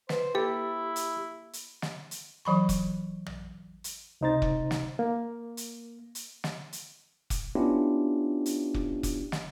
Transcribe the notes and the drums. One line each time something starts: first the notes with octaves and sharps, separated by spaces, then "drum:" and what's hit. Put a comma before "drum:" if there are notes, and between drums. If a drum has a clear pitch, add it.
B4 C5, drum: snare
A#3 E4 G4 A4 A6
drum: hi-hat
drum: hi-hat
drum: snare
drum: hi-hat
E3 F#3 B5 C#6
drum: kick, hi-hat
drum: tom
drum: hi-hat
C#2 C3 D#4 C5 A#5 A6
drum: kick
drum: snare
A#3
drum: hi-hat
drum: hi-hat
drum: snare
drum: hi-hat
drum: kick, hi-hat
B3 C#4 D4 E4 F4 G4
drum: hi-hat
drum: kick
drum: kick, hi-hat
drum: snare